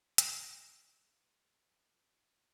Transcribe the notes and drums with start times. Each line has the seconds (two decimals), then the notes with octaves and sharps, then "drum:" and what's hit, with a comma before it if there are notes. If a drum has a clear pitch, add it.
0.18 G2 D4 D#4 G4 C#5 F#5, drum: hi-hat